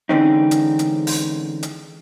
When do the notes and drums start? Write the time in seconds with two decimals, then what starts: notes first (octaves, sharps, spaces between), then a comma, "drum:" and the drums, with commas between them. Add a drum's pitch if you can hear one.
0.09 D3 E3 G#3 C4 C#4 D#4
0.51 drum: hi-hat
0.79 drum: hi-hat
1.07 drum: open hi-hat
1.63 drum: hi-hat